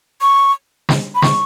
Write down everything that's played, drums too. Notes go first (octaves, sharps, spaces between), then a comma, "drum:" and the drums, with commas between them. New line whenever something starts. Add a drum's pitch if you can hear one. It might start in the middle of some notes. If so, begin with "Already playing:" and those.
C#6
drum: snare
B5
C#6, drum: snare